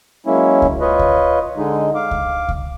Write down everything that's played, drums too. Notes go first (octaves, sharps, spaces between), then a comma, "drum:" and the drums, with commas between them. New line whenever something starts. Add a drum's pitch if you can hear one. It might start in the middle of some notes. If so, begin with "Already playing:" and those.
F#3 G#3 A#3 C#4 E4
drum: kick C#2
F4 B4 C#5 D#5
drum: kick C#2
D3 G#3 D#4
F5 D6
drum: kick C#2
drum: kick C#2